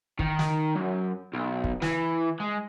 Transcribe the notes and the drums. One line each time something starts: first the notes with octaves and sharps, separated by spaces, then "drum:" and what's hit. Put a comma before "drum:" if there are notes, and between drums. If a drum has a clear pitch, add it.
D#3, drum: kick
drum: snare
F#2
B1
drum: kick
E3, drum: snare
G#3